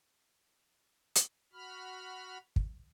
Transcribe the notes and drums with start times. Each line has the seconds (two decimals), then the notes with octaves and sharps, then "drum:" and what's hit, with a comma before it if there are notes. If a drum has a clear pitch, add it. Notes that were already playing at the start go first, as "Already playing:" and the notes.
1.16 drum: hi-hat
1.53 F#4 B5 F6
2.56 drum: kick